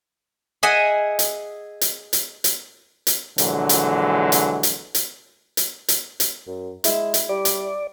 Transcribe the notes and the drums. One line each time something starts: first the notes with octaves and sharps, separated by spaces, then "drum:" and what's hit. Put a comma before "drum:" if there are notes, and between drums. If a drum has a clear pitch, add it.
G#4 D#5 E5 F#5 G#5
drum: hi-hat
drum: hi-hat
drum: hi-hat
drum: hi-hat
drum: hi-hat
A#1 D3 E3 F#3 G#3, drum: hi-hat
drum: hi-hat
drum: hi-hat
drum: hi-hat
drum: hi-hat
drum: hi-hat
drum: hi-hat
drum: hi-hat
F#2
G#3 E4 E5, drum: hi-hat
drum: hi-hat
G3 D5
drum: hi-hat